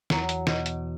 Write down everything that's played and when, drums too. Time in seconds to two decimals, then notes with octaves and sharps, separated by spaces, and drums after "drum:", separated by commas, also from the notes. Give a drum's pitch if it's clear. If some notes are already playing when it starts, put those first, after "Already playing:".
0.10 E2 E3 F#3, drum: snare
0.29 drum: hi-hat
0.47 B2, drum: snare
0.66 drum: hi-hat